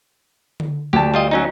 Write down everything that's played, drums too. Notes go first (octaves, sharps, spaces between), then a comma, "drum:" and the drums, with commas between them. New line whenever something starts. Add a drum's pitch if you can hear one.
drum: tom D3
D2 G4 A5
G3 F4 D#5
F#3 C#4 D#4